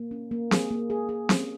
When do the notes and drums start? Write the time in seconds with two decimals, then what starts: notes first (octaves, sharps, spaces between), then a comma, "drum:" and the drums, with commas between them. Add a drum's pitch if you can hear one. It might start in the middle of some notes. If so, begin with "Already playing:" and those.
Already playing: A#3
0.11 C#4
0.31 A#3
0.51 G#4, drum: snare C4
0.70 A#3
0.90 G#4
1.09 G#4
1.29 C#4, drum: snare C4